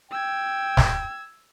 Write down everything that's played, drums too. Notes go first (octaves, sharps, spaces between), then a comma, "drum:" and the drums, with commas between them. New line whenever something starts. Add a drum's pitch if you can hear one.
G5 E6 G#6
drum: snare